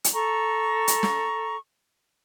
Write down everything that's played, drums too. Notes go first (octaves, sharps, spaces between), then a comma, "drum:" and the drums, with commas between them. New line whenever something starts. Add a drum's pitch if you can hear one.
drum: hi-hat
A4 A#5 C#6
drum: hi-hat
drum: snare